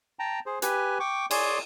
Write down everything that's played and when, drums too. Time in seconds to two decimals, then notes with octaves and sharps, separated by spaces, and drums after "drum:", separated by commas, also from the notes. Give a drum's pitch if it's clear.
0.19 G5 A5 A#5
0.46 G#4 C5
0.62 G4 B4 G#5, drum: hi-hat
1.00 G5 C#6 D6
1.31 G#4 C#5 D5 G#5 C6, drum: cymbal